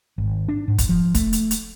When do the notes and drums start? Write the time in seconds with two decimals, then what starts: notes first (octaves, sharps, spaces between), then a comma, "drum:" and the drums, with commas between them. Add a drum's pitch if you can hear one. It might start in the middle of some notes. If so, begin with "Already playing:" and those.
0.18 G#1
0.49 D4
0.68 G#2
0.78 drum: kick, hi-hat
0.89 F3
1.15 A3, drum: kick, hi-hat
1.33 drum: hi-hat
1.51 drum: hi-hat